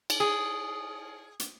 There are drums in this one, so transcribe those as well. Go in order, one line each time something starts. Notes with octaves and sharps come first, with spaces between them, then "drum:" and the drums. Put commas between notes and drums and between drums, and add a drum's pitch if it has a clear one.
drum: cymbal
G#4
drum: hi-hat